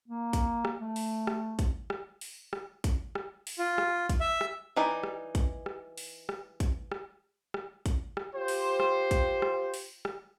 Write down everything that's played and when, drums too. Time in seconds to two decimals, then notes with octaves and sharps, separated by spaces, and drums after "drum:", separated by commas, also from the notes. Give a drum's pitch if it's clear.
0.08 A#3
0.33 drum: kick, hi-hat
0.65 drum: rim click
0.80 A3
0.96 drum: open hi-hat
1.27 drum: rim click
1.59 drum: kick, hi-hat
1.90 drum: rim click
2.21 drum: open hi-hat
2.53 drum: rim click
2.84 drum: kick, hi-hat
3.15 drum: rim click
3.47 drum: open hi-hat
3.59 F4
3.78 drum: rim click
4.09 drum: kick, hi-hat
4.20 E5
4.41 drum: rim click
4.76 E3 D#4 D5
5.03 drum: rim click
5.35 drum: kick, hi-hat
5.66 drum: rim click
5.98 drum: open hi-hat
6.29 drum: rim click
6.60 drum: kick, hi-hat
6.92 drum: rim click
7.54 drum: rim click
7.86 drum: kick, hi-hat
8.17 drum: rim click
8.35 F4 G4 C5
8.48 drum: open hi-hat
8.80 drum: rim click
9.11 drum: kick, hi-hat
9.42 drum: rim click
9.74 drum: open hi-hat
10.05 drum: rim click